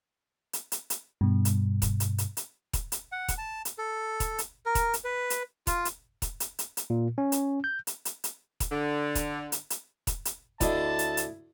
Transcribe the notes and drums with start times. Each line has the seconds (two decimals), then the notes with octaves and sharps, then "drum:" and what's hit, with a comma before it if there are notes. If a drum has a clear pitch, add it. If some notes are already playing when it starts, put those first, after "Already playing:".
0.53 drum: hi-hat
0.72 drum: hi-hat
0.90 drum: hi-hat
1.21 G2 B2
1.45 drum: hi-hat
1.82 drum: kick E1, hi-hat
2.00 drum: hi-hat
2.18 drum: hi-hat
2.37 drum: hi-hat
2.73 drum: kick E1, hi-hat
2.92 drum: hi-hat
3.12 F#5
3.28 drum: kick E1, hi-hat
3.38 A5
3.65 drum: hi-hat
3.78 A4
4.20 drum: kick E1, hi-hat
4.38 drum: hi-hat
4.66 A#4
4.75 drum: kick E1, hi-hat
4.93 drum: hi-hat
5.04 B4
5.30 drum: hi-hat
5.67 F4, drum: kick E1, hi-hat
5.85 drum: hi-hat
6.22 drum: kick E1, hi-hat
6.40 drum: hi-hat
6.59 drum: hi-hat
6.77 drum: hi-hat
6.90 A#2
7.18 C#4
7.32 drum: hi-hat
7.64 G6
7.87 drum: hi-hat
8.05 drum: hi-hat
8.24 drum: hi-hat
8.60 drum: kick E1, hi-hat
8.71 D3
9.15 drum: kick E1, hi-hat
9.52 drum: hi-hat
9.70 drum: hi-hat
10.07 drum: kick E1, hi-hat
10.25 drum: hi-hat
10.61 D2 D3 E4 D#5 A5, drum: kick E1, hi-hat
10.99 drum: hi-hat
11.17 drum: hi-hat